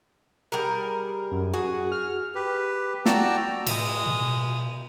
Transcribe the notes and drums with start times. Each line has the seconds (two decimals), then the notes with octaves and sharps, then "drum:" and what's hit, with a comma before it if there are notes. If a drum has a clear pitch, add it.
0.52 G3 G#4 A#4
1.32 F#2
1.54 F#4 G#4
1.92 F6
2.35 G4 B4
3.06 F#4 D5 G5 A5 A#5 E6, drum: snare
3.67 A2 G#3 D#6, drum: cymbal
4.06 B2